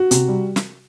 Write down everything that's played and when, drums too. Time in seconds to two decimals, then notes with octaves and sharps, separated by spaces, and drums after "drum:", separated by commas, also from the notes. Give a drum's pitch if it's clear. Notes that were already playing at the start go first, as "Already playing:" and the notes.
Already playing: F#4
0.11 C3, drum: hi-hat
0.28 G3
0.56 drum: snare